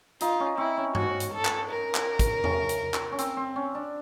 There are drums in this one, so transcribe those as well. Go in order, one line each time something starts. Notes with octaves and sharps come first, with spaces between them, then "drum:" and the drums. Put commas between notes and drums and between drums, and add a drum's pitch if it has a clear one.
D#4 F4, drum: hi-hat
C#4
C4 E4
C#4
C#4 F#4, drum: tom G2
drum: hi-hat
A4
drum: clap
A#4
drum: clap
drum: kick, hi-hat
C#4, drum: tom E2
drum: hi-hat
drum: clap
C#4
C4, drum: hi-hat
C4
C#4
D4